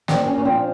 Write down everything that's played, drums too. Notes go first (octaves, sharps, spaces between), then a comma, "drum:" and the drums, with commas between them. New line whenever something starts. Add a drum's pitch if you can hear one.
A#2 C4 D4, drum: snare
A#2 C#4
C#4
F3 C4 D4